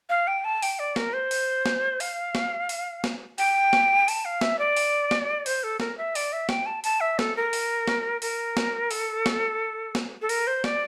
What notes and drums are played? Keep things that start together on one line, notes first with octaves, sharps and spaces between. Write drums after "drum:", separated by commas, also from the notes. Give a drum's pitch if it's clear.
F5
G5
A5
G5, drum: open hi-hat
D5
A#4, drum: snare
C5
drum: open hi-hat
drum: snare
F5, drum: open hi-hat
drum: snare
drum: open hi-hat
drum: snare
G5, drum: open hi-hat
drum: snare
A5, drum: open hi-hat
F5
E5, drum: snare
D5
drum: open hi-hat
drum: snare
C5, drum: open hi-hat
A4
A#4, drum: snare
E5
D5, drum: open hi-hat
E5
G5, drum: snare
A5
A5, drum: open hi-hat
E5
A4, drum: snare
A#4
drum: open hi-hat
drum: snare
A#4, drum: open hi-hat
drum: snare
A4, drum: open hi-hat
drum: snare
drum: snare
A4
A#4, drum: open hi-hat
C5
D5, drum: snare